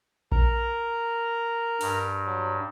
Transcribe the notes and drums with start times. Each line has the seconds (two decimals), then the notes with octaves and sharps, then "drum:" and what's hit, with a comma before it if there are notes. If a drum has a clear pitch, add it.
0.32 A#4 A#5, drum: kick A#1
1.81 G2, drum: open hi-hat
2.25 F#3